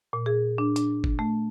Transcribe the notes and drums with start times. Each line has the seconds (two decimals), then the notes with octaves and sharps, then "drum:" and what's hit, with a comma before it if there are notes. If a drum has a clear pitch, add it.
0.13 A#2
0.26 G#4
0.58 D4
0.76 D4, drum: hi-hat
1.04 drum: kick
1.19 A3